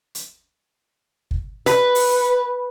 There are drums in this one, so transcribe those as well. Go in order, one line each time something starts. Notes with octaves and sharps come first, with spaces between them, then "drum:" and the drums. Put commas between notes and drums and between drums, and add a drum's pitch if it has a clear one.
drum: hi-hat
drum: kick
B4, drum: hi-hat
drum: open hi-hat